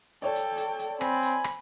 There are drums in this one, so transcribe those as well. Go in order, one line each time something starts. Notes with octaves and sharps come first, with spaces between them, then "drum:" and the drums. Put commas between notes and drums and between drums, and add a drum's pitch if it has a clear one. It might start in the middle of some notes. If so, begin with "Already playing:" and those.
A4 C#5 D5 G5
drum: hi-hat
drum: hi-hat
drum: hi-hat
C4 G#5 B5, drum: rim click
drum: hi-hat
drum: rim click